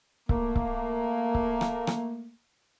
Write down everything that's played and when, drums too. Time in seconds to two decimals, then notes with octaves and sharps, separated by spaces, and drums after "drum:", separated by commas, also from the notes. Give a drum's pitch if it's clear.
0.29 A3 A#3, drum: kick C#1
0.56 drum: kick C#1
1.35 drum: kick C#1
1.61 drum: rim click
1.87 drum: rim click